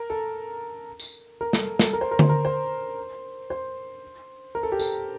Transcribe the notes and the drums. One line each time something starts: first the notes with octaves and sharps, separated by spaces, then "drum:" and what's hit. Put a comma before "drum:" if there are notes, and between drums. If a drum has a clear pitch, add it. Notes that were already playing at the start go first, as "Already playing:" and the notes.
Already playing: A#4
A4
drum: tambourine
A#4
A4, drum: snare
A4, drum: snare
A#4
C5
A#4
C5, drum: tom D3
A#4
C5
C5
A#4
A4
G4
A4, drum: tambourine